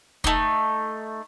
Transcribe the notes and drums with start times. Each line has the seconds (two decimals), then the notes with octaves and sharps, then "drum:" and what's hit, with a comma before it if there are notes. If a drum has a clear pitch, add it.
0.24 A3 D#4, drum: kick